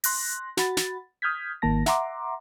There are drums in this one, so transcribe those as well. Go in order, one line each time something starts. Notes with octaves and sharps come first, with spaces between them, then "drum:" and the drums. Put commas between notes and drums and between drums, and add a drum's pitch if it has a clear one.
C6 F#6 A#6, drum: open hi-hat
F#4 F#5 B5 A6, drum: snare
drum: snare
D#6 F6 G6 G#6 B6
G#1 D#3 A#3 A5 A#6
E5 F#5 A#5 C6 D6, drum: snare